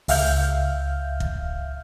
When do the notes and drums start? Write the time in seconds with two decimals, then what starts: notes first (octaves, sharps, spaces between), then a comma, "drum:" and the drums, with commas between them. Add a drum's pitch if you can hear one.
0.08 C#2 E5 F5 F6 G6, drum: open hi-hat
1.20 drum: kick